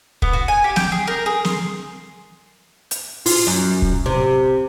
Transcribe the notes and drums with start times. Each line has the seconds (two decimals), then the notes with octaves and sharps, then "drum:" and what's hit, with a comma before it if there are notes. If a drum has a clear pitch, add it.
0.22 B3, drum: kick
0.33 F#4
0.48 G#5
0.64 G4
0.76 G5, drum: snare
0.92 G#4
1.07 A#4
1.26 G#4
1.45 C6, drum: snare
2.91 drum: hi-hat
3.26 F4, drum: open hi-hat
3.47 F#2
3.82 drum: kick
4.06 C3